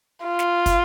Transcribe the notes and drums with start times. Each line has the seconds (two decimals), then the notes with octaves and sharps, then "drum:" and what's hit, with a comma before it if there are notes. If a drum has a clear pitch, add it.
0.25 F4
0.39 drum: snare
0.66 drum: kick, hi-hat